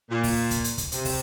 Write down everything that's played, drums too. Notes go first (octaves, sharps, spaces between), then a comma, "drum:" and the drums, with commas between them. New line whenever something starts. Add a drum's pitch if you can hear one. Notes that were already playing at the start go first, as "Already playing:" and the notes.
A#2
drum: kick, open hi-hat
drum: kick, hi-hat
drum: hi-hat
drum: kick, hi-hat
C3, drum: hi-hat
drum: kick, open hi-hat